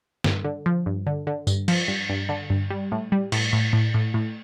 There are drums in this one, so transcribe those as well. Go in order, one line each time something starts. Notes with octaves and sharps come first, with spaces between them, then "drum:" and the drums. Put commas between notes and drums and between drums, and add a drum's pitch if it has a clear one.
G2, drum: snare
D3
F3
G2
D3
D3
G2, drum: tambourine
F3, drum: cymbal
G2
G2
D3
G2
G3
A2
G3
A2, drum: cymbal
A2
A2
A2
A2